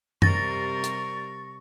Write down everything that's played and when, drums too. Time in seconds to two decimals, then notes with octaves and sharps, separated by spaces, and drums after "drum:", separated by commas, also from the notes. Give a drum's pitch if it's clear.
0.22 C3 G3 A#4 C#6 A6 A#6, drum: tom F#2
0.84 drum: hi-hat